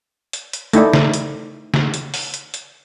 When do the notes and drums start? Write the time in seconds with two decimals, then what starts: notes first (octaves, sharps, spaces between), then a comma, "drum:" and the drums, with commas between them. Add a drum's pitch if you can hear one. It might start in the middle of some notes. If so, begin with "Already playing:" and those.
0.33 drum: hi-hat
0.53 drum: hi-hat
0.73 A3 D#4 E4 D5, drum: hi-hat
0.93 drum: snare
1.14 drum: hi-hat
1.74 drum: snare
1.94 drum: hi-hat
2.14 drum: open hi-hat
2.34 drum: hi-hat
2.54 drum: hi-hat